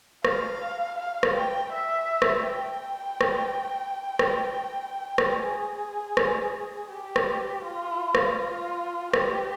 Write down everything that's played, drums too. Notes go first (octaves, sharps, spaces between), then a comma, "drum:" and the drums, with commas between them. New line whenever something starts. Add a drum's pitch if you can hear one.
F5, drum: rim click
F5
drum: rim click
G5
E5
drum: rim click
G5
drum: rim click
drum: rim click
drum: rim click
G#4
drum: rim click
G4
drum: rim click
F4
drum: rim click
F4
G4, drum: rim click